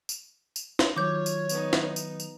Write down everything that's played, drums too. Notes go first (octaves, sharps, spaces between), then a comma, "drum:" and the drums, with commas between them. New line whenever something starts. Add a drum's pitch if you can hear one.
drum: tambourine
drum: tambourine
drum: snare
D#3 F#3 F4 C#5 D6 G6
drum: tambourine
B3 D#4, drum: tambourine
drum: snare
drum: tambourine
drum: tambourine